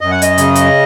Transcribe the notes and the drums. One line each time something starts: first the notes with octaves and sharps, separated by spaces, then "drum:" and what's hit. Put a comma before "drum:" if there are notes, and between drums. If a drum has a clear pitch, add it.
F#2 D#5
F#5
D#5, drum: hi-hat
C#3, drum: hi-hat
drum: hi-hat